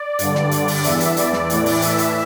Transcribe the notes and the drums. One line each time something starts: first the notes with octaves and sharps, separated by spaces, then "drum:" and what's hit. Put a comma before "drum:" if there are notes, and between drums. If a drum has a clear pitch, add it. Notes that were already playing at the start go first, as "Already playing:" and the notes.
Already playing: D5
G2 D3, drum: hi-hat
drum: snare
drum: hi-hat
drum: open hi-hat
E2 E3 E5, drum: hi-hat
drum: hi-hat
D5, drum: hi-hat
drum: snare
A2 E3, drum: hi-hat
drum: open hi-hat
E5, drum: hi-hat
drum: hi-hat